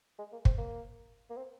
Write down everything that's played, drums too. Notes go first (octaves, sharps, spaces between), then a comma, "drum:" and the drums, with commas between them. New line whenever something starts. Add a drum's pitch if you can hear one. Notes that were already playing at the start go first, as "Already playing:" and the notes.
G#3
A#3
C4, drum: kick
A#3
A#3
C4